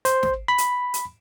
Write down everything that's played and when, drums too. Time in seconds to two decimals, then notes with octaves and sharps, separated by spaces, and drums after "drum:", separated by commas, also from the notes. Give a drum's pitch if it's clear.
0.05 C5, drum: hi-hat
0.23 drum: snare
0.48 B5
0.58 drum: hi-hat
0.94 drum: hi-hat